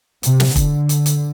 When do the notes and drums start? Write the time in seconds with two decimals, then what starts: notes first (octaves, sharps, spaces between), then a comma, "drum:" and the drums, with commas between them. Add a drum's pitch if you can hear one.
0.23 C3, drum: hi-hat
0.40 drum: snare
0.56 D3, drum: kick, hi-hat
0.89 drum: hi-hat
1.06 drum: hi-hat